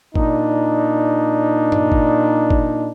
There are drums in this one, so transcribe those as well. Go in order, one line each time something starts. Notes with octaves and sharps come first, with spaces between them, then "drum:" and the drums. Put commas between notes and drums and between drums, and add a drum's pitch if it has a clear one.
A#2 D4 D#4, drum: kick
drum: tom G2
drum: kick
drum: kick